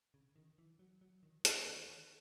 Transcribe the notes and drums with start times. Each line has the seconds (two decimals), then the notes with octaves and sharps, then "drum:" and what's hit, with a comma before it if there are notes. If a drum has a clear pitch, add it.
0.14 C#3
0.36 D#3
0.58 E3
0.79 F#3
1.01 F#3
1.23 D#3
1.45 E2, drum: hi-hat
1.67 D#3
1.89 D#3